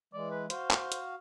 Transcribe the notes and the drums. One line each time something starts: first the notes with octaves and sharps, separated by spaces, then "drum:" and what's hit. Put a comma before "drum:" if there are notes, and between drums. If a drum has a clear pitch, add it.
E3 G#3 D5
B4
F#4 C5 F5, drum: hi-hat
drum: clap
drum: hi-hat